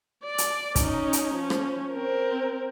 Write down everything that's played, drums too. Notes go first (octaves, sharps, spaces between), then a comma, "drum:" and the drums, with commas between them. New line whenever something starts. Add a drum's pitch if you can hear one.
D5
drum: hi-hat
C#4 D#4, drum: kick, hi-hat
drum: hi-hat
F3 C#4
drum: rim click
C4 A#4